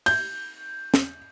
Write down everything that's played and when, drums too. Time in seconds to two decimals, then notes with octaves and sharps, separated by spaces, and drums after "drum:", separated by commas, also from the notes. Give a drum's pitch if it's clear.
0.06 G6, drum: cymbal
0.94 drum: snare